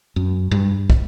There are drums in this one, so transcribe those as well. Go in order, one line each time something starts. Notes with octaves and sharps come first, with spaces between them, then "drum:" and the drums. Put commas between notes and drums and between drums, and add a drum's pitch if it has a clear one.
F#2
G2
drum: kick